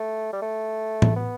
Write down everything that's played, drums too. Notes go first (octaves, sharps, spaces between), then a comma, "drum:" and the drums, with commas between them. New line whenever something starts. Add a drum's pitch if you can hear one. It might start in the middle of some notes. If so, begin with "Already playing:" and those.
Already playing: A3
G3
A3
drum: tom A2
B3